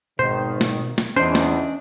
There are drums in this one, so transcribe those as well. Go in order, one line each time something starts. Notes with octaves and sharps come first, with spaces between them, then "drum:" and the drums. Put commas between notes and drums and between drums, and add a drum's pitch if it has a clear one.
G#1 B2 D#3 C5
drum: snare
drum: snare
E2 C#4 D4 C5 D#5
drum: snare